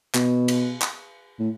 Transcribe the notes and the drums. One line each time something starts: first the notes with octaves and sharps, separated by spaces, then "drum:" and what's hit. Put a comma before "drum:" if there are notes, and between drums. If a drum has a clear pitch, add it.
B2, drum: clap
drum: cymbal
drum: clap
A2